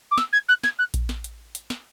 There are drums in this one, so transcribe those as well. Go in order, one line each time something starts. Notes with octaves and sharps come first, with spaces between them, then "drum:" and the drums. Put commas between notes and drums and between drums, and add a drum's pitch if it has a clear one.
D6
E6, drum: snare
G#6
F#6
G#6, drum: snare
F#6
drum: kick A#1, hi-hat
drum: snare
drum: hi-hat
drum: hi-hat
drum: snare